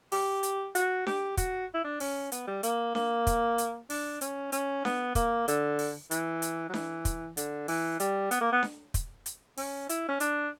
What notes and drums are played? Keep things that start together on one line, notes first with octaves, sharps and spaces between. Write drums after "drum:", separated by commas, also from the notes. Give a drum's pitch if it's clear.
G4, drum: open hi-hat
drum: hi-hat
F#4, drum: hi-hat
G4, drum: snare D4
F#4, drum: kick, hi-hat
E4
D4
C#4, drum: open hi-hat
B3, drum: hi-hat
G3
A#3, drum: hi-hat
A#3, drum: snare D4
drum: kick, hi-hat
drum: hi-hat
D4, drum: open hi-hat
C#4, drum: hi-hat
C#4, drum: hi-hat
B3, drum: snare D4
A#3, drum: kick, hi-hat
D3, drum: hi-hat
drum: open hi-hat
E3, drum: hi-hat
drum: hi-hat
F#3
E3, drum: snare D4
drum: kick, hi-hat
D3, drum: hi-hat
E3, drum: open hi-hat
G3, drum: hi-hat
B3, drum: hi-hat
A#3
B3
drum: snare D4
drum: kick, hi-hat
drum: hi-hat
C#4, drum: open hi-hat
E4, drum: hi-hat
C#4
D4, drum: hi-hat